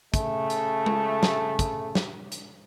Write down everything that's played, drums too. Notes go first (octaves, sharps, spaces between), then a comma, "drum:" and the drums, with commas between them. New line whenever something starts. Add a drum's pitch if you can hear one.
C#3 A3, drum: kick, hi-hat
drum: hi-hat
drum: tom G#3
drum: snare
drum: kick, hi-hat
drum: snare
drum: hi-hat